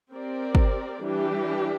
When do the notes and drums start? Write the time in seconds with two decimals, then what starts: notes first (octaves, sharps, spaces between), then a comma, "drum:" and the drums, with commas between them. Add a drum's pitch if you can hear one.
0.12 C4 G4 A#4 D5
0.55 drum: kick
1.02 E3 G3 D4 G4